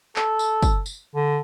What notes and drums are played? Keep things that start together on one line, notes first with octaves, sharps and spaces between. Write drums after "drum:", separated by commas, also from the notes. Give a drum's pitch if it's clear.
A4, drum: clap
drum: tambourine
drum: kick, tambourine
drum: tambourine
D3